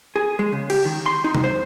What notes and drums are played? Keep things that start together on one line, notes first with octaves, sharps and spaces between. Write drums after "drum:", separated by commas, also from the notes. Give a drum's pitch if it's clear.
G#4
G#3
C#3
G4, drum: cymbal
D#3
C6
D#4
drum: tom
C5